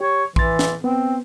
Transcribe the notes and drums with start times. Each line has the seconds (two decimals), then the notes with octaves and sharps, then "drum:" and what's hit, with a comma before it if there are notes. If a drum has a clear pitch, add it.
0.01 G4 C#5
0.36 E3 C6 A6, drum: kick
0.59 drum: snare
0.84 B3 C4